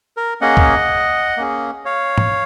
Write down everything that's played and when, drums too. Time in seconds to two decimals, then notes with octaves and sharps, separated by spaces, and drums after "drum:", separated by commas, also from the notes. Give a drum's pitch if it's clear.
0.17 A#4
0.41 A#3 C#4 G#4 D#5 F#5
0.57 drum: kick
1.37 A#3 C#4 G#4
1.85 C#5 F5
2.18 drum: tom